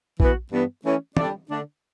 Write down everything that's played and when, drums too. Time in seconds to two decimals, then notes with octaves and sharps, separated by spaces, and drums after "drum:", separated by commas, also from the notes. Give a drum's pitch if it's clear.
0.20 E3 B3 F#4, drum: kick A#1
0.52 G2 E3 B3
0.84 E3 A3 C#4
1.17 G3 D4 A4 D5, drum: tom
1.49 D3 A3 D4